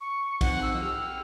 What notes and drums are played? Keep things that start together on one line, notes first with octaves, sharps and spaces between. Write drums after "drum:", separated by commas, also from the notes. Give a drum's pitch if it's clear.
C#6
F3 C4 D#4 F#5, drum: kick A#1, cymbal
E6
G4 F6